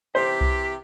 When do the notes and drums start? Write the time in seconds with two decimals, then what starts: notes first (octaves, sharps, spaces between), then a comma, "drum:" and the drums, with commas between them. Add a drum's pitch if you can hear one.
0.15 C3 E3 G4 C5 B6
0.41 drum: kick C2